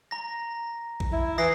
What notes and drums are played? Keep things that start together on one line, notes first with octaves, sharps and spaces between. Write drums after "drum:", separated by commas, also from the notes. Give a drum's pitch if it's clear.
A#5 A#6
drum: kick A#1
E4
E3 D#6 A#6 C7